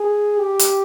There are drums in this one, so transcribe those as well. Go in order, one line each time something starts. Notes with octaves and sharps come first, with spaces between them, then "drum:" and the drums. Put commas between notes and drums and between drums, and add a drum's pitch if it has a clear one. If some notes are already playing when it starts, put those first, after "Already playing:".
Already playing: G#4
G4
drum: hi-hat